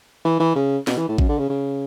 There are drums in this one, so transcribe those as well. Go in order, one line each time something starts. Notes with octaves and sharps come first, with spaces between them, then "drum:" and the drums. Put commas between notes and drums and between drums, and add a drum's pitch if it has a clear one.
E3
E3
C#3
B2, drum: snare
E3
A2
F#2, drum: kick A1
D3
C#3
C#3